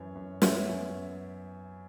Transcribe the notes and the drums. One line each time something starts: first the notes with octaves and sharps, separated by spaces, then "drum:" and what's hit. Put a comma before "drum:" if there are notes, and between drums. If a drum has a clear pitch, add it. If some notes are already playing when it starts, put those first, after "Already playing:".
Already playing: F#2 E3 C#5
F#2
B3 C#5 E5, drum: snare
F#2